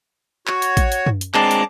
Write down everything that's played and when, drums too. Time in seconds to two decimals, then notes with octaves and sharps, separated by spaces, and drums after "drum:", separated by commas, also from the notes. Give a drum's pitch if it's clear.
0.47 F#4 C#5, drum: clap
0.62 drum: hi-hat
0.77 drum: kick A1, hi-hat
0.92 drum: hi-hat
1.06 drum: tom F#2
1.21 drum: hi-hat
1.34 G#3 C4 D4 A5 A#5 D6, drum: clap
1.51 drum: hi-hat